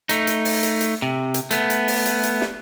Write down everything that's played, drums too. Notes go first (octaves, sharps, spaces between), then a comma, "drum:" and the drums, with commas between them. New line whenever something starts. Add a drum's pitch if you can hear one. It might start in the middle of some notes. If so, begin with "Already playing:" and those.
A3 D#4, drum: hi-hat
drum: hi-hat
drum: open hi-hat
drum: hi-hat
drum: hi-hat
C3
drum: hi-hat
A3 B3, drum: hi-hat
drum: hi-hat
drum: open hi-hat
drum: hi-hat
drum: hi-hat
drum: snare